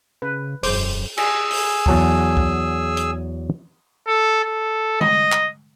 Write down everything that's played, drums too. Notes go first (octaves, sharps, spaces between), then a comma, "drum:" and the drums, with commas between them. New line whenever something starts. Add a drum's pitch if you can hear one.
C#3 B4
E1 F#2 C5 D6, drum: open hi-hat
G#4 G#5 E6, drum: cymbal
drum: open hi-hat
E2 F#3 A5, drum: kick C#2
drum: kick C#2
drum: hi-hat
A4
A4
D#5, drum: tom D3
drum: clap